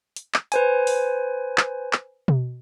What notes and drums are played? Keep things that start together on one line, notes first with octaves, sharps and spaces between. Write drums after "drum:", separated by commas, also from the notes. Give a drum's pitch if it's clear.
drum: hi-hat
drum: clap
B4 C5 G#5, drum: hi-hat
drum: open hi-hat
drum: clap
drum: clap
drum: tom B2